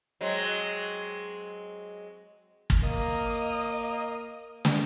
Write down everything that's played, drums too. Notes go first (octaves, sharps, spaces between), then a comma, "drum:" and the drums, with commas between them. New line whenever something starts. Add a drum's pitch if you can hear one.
F#3 G#3 C4
drum: kick
A#3 D#5
drum: snare